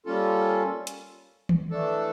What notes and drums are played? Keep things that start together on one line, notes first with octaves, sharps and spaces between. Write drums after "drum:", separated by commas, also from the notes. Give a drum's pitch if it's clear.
G3 A#3 C#4 F4 A4
drum: hi-hat
drum: tom D#3
E3 A3 D4 A4